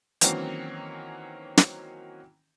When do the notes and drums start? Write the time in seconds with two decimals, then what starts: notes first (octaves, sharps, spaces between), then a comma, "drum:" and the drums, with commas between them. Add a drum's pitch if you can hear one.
0.21 D#3 E3 F#3 A#3 C4 C#4, drum: hi-hat
1.57 drum: snare